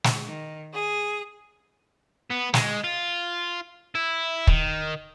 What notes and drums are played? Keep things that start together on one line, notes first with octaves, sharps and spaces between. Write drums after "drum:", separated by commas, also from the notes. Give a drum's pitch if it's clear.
drum: snare
D#3
G#4
B3
G#3, drum: snare
F4
E4
D#3, drum: kick